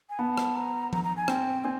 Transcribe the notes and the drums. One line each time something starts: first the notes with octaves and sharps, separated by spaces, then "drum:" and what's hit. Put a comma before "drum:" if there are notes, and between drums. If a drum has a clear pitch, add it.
G#5
B3 A5
drum: rim click
A#5
A#5, drum: tom F3
A#5
G#5
C4 G5, drum: rim click
C4 G#5